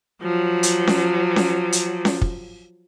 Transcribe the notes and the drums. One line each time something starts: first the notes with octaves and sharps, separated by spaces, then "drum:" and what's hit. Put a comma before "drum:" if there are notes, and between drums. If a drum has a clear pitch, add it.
F3 F#3
drum: hi-hat
drum: snare C#4
drum: snare C#4
drum: hi-hat
drum: snare C#4
drum: kick